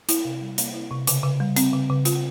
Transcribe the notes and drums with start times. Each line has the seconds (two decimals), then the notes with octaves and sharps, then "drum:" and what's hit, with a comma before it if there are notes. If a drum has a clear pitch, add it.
0.09 E4, drum: hi-hat
0.25 C3
0.41 G3
0.58 A#3, drum: hi-hat
0.74 E4
0.91 C3
1.07 C#3, drum: hi-hat
1.24 C#3
1.40 G3
1.56 C4, drum: hi-hat
1.73 C#3
1.90 C#3
2.05 F4, drum: hi-hat